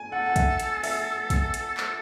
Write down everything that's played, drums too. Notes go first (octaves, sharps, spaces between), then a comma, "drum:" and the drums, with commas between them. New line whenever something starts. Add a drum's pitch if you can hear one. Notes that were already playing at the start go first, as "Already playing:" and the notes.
Already playing: G#5
A4 F#5
F#5
E5, drum: kick, hi-hat
drum: hi-hat
E5, drum: open hi-hat
drum: kick, hi-hat
drum: hi-hat
drum: clap